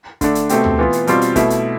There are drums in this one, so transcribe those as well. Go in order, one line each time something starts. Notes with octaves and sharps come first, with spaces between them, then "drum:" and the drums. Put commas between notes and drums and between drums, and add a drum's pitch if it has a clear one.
D3 A3 D4, drum: kick, hi-hat
drum: hi-hat
B2 A3 C4 G4, drum: hi-hat
drum: tom
E3 B3 F4
drum: hi-hat
B2 G3 C4 F4, drum: hi-hat
drum: hi-hat
B2 A3 E4, drum: kick, hi-hat
drum: hi-hat